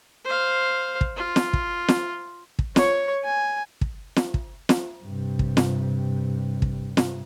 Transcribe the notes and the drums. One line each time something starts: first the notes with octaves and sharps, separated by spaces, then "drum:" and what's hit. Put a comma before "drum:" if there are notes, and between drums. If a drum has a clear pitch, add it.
C5 F5
drum: kick
F4
drum: snare
drum: kick
drum: snare
drum: kick
C#5 C#6, drum: snare
G#5
drum: kick
drum: snare
drum: kick
drum: snare
G2 C3
drum: kick
drum: snare
drum: kick
drum: snare